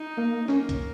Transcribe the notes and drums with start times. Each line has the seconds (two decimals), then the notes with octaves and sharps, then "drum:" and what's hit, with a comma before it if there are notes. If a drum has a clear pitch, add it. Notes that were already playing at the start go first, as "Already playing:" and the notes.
Already playing: D#4
0.17 A#3
0.48 A#3 C#4, drum: snare
0.69 drum: kick C2, hi-hat